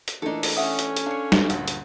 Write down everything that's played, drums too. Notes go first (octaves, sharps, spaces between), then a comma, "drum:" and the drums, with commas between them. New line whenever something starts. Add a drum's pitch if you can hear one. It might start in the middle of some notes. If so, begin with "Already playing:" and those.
drum: hi-hat
A#2 E3 A3 D4 D#4 A4
drum: open hi-hat
C#4 A4 E5 F#5 D#6
drum: hi-hat
drum: hi-hat
D4 C#5 F5
drum: snare
D2 G2 A#2, drum: hi-hat
drum: hi-hat